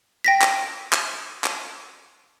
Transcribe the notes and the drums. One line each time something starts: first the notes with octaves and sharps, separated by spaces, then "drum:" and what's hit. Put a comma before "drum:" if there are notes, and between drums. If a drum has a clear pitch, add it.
G5 A#6 B6
drum: clap
drum: clap
drum: clap